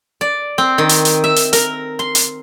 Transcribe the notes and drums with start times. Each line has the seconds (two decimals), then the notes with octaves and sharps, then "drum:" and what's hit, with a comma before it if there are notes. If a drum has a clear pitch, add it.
0.21 D5
0.58 C4
0.78 D#3
0.89 drum: hi-hat
1.05 drum: hi-hat
1.24 E5
1.36 drum: hi-hat
1.53 A#4, drum: hi-hat
1.99 C6
2.15 drum: hi-hat